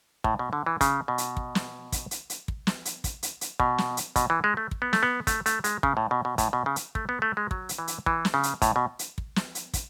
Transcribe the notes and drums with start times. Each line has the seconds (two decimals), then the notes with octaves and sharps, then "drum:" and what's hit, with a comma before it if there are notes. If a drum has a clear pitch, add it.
0.24 A2, drum: kick
0.39 B2
0.53 D3
0.66 E3
0.81 C#3, drum: kick, hi-hat
1.08 B2
1.18 drum: hi-hat
1.37 drum: kick
1.55 drum: snare
1.92 drum: kick, hi-hat
2.11 drum: hi-hat
2.30 drum: hi-hat
2.48 drum: kick
2.67 drum: snare
2.85 drum: hi-hat
3.04 drum: kick, hi-hat
3.23 drum: hi-hat
3.41 drum: hi-hat
3.60 B2, drum: kick
3.78 drum: snare
3.97 drum: hi-hat
4.16 B2, drum: kick, hi-hat
4.30 E3
4.44 G#3
4.57 A3
4.71 drum: kick
4.82 B3
4.93 A3, drum: snare
5.03 B3
5.27 A3, drum: kick, hi-hat
5.46 A3, drum: hi-hat
5.64 G#3, drum: hi-hat
5.83 C#3, drum: kick
5.97 A2
6.11 B2
6.25 B2
6.38 A2, drum: kick, hi-hat
6.53 B2
6.66 C#3
6.76 drum: hi-hat
6.95 A3, drum: kick
7.09 B3
7.22 A3
7.37 G#3
7.51 F#3, drum: kick
7.69 drum: hi-hat
7.79 E3
7.88 drum: hi-hat
8.06 E3, drum: kick
8.25 drum: snare
8.34 C#3
8.43 drum: hi-hat
8.62 A2, drum: kick, hi-hat
8.76 B2
8.99 drum: hi-hat
9.18 drum: kick
9.36 drum: snare
9.55 drum: hi-hat
9.74 drum: kick, hi-hat